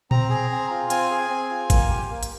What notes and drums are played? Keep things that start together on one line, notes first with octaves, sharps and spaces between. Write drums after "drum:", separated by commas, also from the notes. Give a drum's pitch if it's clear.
C4 A#5, drum: tom A#2
G#4
C4
F4
C4 G#5, drum: hi-hat
G#4
C4
F4
A#3, drum: kick G#1, hi-hat
G4
A#3
drum: hi-hat